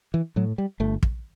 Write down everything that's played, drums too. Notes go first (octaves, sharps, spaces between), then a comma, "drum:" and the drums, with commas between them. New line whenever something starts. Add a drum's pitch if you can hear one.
E3
A2 F#3
G3
G1 A3
drum: kick